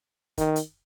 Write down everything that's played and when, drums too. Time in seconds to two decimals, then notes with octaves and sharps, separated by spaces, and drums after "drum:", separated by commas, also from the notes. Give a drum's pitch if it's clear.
0.38 D#3, drum: kick, hi-hat
0.56 drum: hi-hat